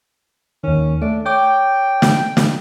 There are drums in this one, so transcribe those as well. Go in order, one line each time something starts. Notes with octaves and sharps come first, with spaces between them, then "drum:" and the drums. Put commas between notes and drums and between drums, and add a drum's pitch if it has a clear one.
D#2 D#3 C#4
A3 D4
C#5 G5 D6
drum: snare
drum: snare